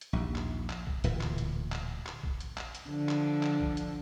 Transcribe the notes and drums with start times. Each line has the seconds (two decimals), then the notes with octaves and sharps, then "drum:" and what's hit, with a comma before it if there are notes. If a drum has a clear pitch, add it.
0.01 drum: hi-hat
0.13 A#1 D#2
0.36 drum: clap
0.70 drum: clap
0.87 drum: kick A#1
1.04 D1 A#2 E3, drum: hi-hat
1.21 drum: clap
1.38 drum: hi-hat
1.72 drum: clap
2.06 drum: clap
2.23 drum: kick A#1
2.40 drum: hi-hat
2.58 drum: clap
2.75 drum: hi-hat
2.89 D3 F3
3.09 drum: clap
3.43 drum: clap
3.60 drum: kick A#1
3.77 drum: hi-hat